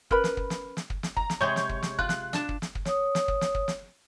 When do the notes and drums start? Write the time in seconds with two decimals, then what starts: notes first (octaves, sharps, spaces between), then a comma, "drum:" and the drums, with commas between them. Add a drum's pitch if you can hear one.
0.11 C#4 A#4 B4 B5, drum: kick
0.24 drum: snare
0.37 drum: kick
0.50 drum: snare
0.77 drum: snare
0.90 drum: kick
1.03 drum: snare
1.17 A#5, drum: kick
1.30 drum: snare
1.41 C3 G#3 G#4 C#5 C#6 G6
1.56 drum: snare
1.69 drum: kick
1.83 drum: snare
1.99 F4 F#6, drum: kick
2.09 drum: snare
2.33 D4 A5, drum: snare
2.49 drum: kick
2.62 drum: snare
2.75 drum: kick
2.85 C#5 D#6, drum: snare
3.15 drum: snare
3.28 drum: kick
3.41 drum: snare
3.55 drum: kick
3.68 drum: snare